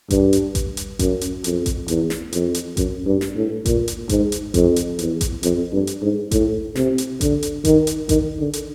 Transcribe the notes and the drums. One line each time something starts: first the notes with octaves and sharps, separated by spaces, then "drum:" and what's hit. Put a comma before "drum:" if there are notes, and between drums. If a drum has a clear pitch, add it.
G2, drum: kick A1, hi-hat
drum: hi-hat
drum: kick A1, hi-hat
drum: hi-hat
F#2, drum: kick A1, hi-hat
drum: hi-hat
F2, drum: hi-hat
drum: kick A1, hi-hat
E2, drum: hi-hat
drum: snare
F2, drum: hi-hat
drum: hi-hat
F#2, drum: kick A1, hi-hat
G2
drum: snare
A2
A#2, drum: kick A1, hi-hat
drum: hi-hat
G#2, drum: kick A1, hi-hat
drum: hi-hat
F2, drum: kick A1, hi-hat
drum: hi-hat
E2, drum: hi-hat
drum: kick A1, hi-hat
F2, drum: hi-hat
G2
drum: hi-hat
G#2
A2, drum: kick A1, hi-hat
C3, drum: snare
drum: hi-hat
D3, drum: kick A1, hi-hat
drum: hi-hat
D#3, drum: kick A1, hi-hat
drum: hi-hat
D#3, drum: kick A1, hi-hat
D3
drum: hi-hat